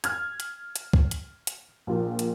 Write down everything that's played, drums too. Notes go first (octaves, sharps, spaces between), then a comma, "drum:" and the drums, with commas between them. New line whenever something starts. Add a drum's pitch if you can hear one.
F6 G#6, drum: hi-hat
drum: hi-hat
drum: hi-hat
drum: kick
drum: hi-hat
drum: hi-hat
A#1 A#2
drum: hi-hat